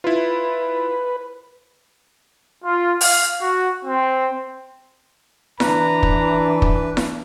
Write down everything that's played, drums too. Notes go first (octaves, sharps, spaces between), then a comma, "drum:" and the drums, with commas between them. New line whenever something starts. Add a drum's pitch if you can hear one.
E4 F4 B4
F4
F5, drum: open hi-hat
F#4
C4
E3 D4 B4 A#5, drum: snare E4
drum: kick
drum: kick
drum: snare E4